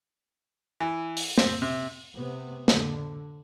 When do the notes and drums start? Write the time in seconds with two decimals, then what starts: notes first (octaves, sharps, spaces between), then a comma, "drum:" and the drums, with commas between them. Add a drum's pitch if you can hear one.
0.80 E3
1.17 drum: open hi-hat
1.38 C4, drum: snare
1.62 C3
2.13 C3 B3
2.68 D3, drum: snare